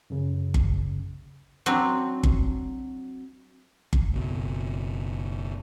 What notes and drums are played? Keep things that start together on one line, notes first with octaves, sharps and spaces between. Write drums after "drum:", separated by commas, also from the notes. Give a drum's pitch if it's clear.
F#2 C#3
drum: kick G1
F#3 C4 D4
drum: kick G1
drum: kick G1
F#1 B2